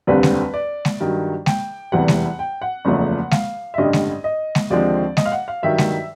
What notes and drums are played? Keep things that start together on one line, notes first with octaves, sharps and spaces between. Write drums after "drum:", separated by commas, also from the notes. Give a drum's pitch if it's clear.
F1 D#2 D3 G3 C4 B4
drum: snare G#3
D5
drum: snare G#3
G2 D#3 F#3
G5, drum: snare G#3
F1 E2 C3 E3 G3 F#5
drum: snare G#3
G5
F#5
F#1 E2 C#3 F3 A3
F5, drum: snare G#3
E5
A1 G2 D3 G3 D#5
drum: snare G#3
D#5
drum: snare G#3
D#2 D3 F3 G#3 C4 D5
D#5, drum: snare G#3
F5
F#5
F5
G2 D#3 F#3 E5
drum: snare G#3